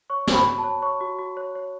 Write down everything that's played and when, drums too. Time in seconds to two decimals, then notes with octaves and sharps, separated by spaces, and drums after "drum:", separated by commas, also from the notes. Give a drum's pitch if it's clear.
0.10 C#5 C#6
0.27 F#4, drum: snare
0.34 B5
0.46 F#4
0.58 A5
0.64 C#5
0.82 C#5 C#6
1.01 F#4
1.19 F#4
1.37 C#5
1.55 C#5